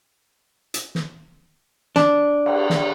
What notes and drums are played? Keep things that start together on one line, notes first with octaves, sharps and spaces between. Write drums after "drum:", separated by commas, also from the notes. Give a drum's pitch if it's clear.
drum: hi-hat
drum: snare
D4, drum: snare
drum: cymbal
drum: snare